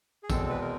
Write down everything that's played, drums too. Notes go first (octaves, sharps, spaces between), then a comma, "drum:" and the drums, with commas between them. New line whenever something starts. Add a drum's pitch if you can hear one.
G#4
E2 B2 G#3 C4 A4, drum: kick A1, tambourine
B4
A#4